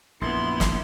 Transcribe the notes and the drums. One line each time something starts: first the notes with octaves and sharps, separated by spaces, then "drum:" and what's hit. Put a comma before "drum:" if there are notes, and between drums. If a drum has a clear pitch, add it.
A#1 F#2 B3 E4 C6
drum: snare